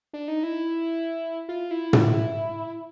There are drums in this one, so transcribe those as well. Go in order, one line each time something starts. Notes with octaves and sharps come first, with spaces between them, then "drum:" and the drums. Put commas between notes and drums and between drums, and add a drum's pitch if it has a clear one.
D4
D#4
E4
F4
E4
drum: tom